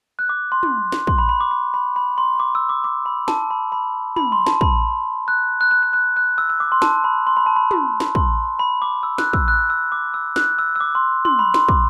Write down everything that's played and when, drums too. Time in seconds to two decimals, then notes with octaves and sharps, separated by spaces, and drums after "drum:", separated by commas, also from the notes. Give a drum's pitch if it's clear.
0.19 F#6
0.29 D6
0.52 C6
0.63 drum: tom
0.92 drum: snare
1.07 C6, drum: kick
1.18 B5
1.29 B5
1.40 D6
1.51 B5
1.74 B5
1.96 B5
2.18 C6
2.40 D6
2.55 E6
2.69 D6
2.84 D6
3.06 B5
3.28 A5, drum: snare
3.51 B5
3.72 B5
4.16 B5, drum: tom
4.32 C6
4.47 A5, drum: snare
4.61 B5, drum: kick
5.28 F#6
5.61 F#6
5.71 F#6
5.83 F#6
5.93 F#6
6.17 F#6
6.38 E6
6.50 E6
6.60 D6
6.72 C6
6.82 A5, drum: snare
7.04 B5
7.27 C6
7.37 B5
7.46 A5
7.56 B5
7.71 drum: tom
8.00 drum: snare
8.15 C6, drum: kick
8.59 B5
8.82 D6
9.03 E6
9.18 F#6, drum: snare
9.33 E6, drum: kick
9.48 F#6
9.70 E6
9.92 D6
10.14 E6
10.36 F#6, drum: snare
10.59 E6
10.76 E6
10.80 D6
10.95 C6
11.25 C6, drum: tom
11.39 B5
11.54 C6, drum: snare
11.68 D6, drum: kick